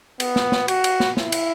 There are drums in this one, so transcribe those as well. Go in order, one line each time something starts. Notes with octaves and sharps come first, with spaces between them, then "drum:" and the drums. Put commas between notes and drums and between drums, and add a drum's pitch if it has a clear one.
B3, drum: cymbal
drum: snare
drum: snare
F#4, drum: cymbal
drum: cymbal
drum: snare
E4, drum: snare
drum: cymbal